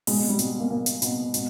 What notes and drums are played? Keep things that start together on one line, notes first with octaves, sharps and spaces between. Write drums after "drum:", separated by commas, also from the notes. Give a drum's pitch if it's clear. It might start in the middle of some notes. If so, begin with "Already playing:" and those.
B2 G#3, drum: open hi-hat
G#3
G3
B2 G3, drum: hi-hat
A#3
B2 A#3
drum: hi-hat
B2 B3, drum: hi-hat
B2, drum: hi-hat